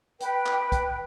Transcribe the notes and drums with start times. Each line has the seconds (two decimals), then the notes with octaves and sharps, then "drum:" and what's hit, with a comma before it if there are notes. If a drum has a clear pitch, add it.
0.20 B4 G5, drum: hi-hat
0.46 drum: clap
0.72 drum: kick B1, hi-hat